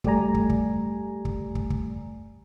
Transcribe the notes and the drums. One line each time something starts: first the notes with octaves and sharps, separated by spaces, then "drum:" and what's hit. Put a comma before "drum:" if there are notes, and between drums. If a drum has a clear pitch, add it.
G3 A3 G4 D5 G#5 A#5, drum: kick
drum: kick
drum: kick
drum: kick
drum: kick
drum: kick